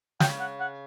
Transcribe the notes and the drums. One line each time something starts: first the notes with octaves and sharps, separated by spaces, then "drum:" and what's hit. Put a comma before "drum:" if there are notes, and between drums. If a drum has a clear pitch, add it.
C#3 G5, drum: snare
F#5
F#5